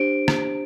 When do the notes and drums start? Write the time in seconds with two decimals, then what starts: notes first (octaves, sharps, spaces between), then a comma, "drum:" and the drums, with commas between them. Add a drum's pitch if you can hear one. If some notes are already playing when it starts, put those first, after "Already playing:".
Already playing: D4 G4 C5 D7
0.28 drum: rim click